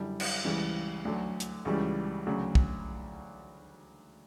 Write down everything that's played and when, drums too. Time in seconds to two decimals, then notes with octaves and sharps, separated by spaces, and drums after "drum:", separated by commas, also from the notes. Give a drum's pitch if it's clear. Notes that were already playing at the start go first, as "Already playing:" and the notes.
Already playing: F#2 D3 G3 E4
0.20 drum: cymbal
0.45 C#2 C#3 E3 G3
1.05 D2 D3 F#3
1.40 drum: hi-hat
1.65 C#2 C#3 E3 G3 F#4
2.26 D2 C#3 F#3
2.55 drum: kick